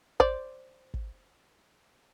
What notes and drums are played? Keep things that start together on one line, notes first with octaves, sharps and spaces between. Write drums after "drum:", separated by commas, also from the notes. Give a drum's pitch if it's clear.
C5 D5, drum: kick
drum: kick